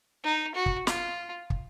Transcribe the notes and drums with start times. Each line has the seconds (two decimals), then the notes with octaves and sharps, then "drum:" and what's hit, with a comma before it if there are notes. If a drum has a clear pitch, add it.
0.24 D#4
0.55 F#4
0.66 drum: kick
0.87 F4, drum: snare
1.50 drum: kick